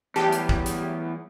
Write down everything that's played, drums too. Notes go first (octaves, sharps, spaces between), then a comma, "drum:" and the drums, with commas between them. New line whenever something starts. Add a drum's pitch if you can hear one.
E2 F#3 G3 A3 G4 A5
drum: hi-hat
drum: kick
drum: hi-hat